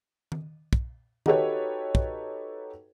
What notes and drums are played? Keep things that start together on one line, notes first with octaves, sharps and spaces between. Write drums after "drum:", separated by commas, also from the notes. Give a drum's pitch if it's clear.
drum: tom D#3
drum: kick
D#4 F#4 G4 A4 B4 C#5, drum: tom D#3
drum: kick